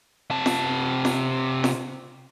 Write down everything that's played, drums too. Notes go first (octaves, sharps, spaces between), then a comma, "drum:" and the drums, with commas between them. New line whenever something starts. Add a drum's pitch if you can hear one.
C3 A5
drum: snare F4
drum: snare F4
drum: snare F4